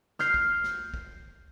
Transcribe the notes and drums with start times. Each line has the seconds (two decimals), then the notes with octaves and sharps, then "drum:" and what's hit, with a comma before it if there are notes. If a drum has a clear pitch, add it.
0.19 F6 G6 C7, drum: snare
0.34 drum: kick
0.64 drum: snare
0.94 drum: kick